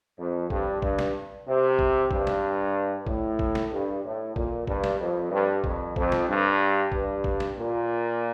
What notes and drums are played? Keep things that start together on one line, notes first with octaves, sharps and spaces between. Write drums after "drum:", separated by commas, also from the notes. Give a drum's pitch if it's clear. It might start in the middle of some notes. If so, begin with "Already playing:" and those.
F2
G2, drum: kick
G2, drum: kick
drum: snare
C3
drum: kick
G2, drum: kick
drum: snare
A2, drum: kick
drum: kick
drum: snare
G2
A2
A#2, drum: kick
G2, drum: kick
drum: snare
F2
G2
F2, drum: kick
F2, drum: kick
drum: snare
G2
G2, drum: kick
drum: kick
drum: snare
A#2